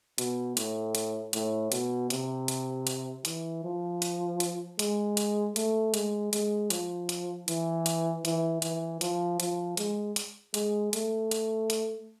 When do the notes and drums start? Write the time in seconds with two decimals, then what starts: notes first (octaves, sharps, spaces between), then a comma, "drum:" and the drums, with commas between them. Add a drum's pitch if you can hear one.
0.18 B2, drum: hi-hat
0.57 A2, drum: hi-hat
0.95 drum: hi-hat
1.33 A2, drum: hi-hat
1.72 B2, drum: hi-hat
2.10 C3, drum: hi-hat
2.48 drum: hi-hat
2.87 drum: hi-hat
3.25 E3, drum: hi-hat
3.64 F3
4.02 drum: hi-hat
4.40 drum: hi-hat
4.79 G#3, drum: hi-hat
5.17 drum: hi-hat
5.56 A3, drum: hi-hat
5.94 G#3, drum: hi-hat
6.33 G#3, drum: hi-hat
6.70 F3, drum: hi-hat
7.09 drum: hi-hat
7.48 E3, drum: hi-hat
7.86 drum: hi-hat
8.25 E3, drum: hi-hat
8.62 E3, drum: hi-hat
9.01 F3, drum: hi-hat
9.40 F3, drum: hi-hat
9.77 G#3, drum: hi-hat
10.16 drum: hi-hat
10.54 G#3, drum: hi-hat
10.93 A3, drum: hi-hat
11.31 drum: hi-hat
11.70 drum: hi-hat